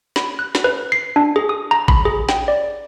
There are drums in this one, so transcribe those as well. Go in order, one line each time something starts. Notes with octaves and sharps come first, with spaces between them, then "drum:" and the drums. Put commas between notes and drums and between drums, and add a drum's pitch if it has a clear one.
B5, drum: snare
F#6
drum: snare
B4
C7
D4
G#4
D#6
A#5
B5, drum: kick G#1
G#4
G5, drum: snare
D5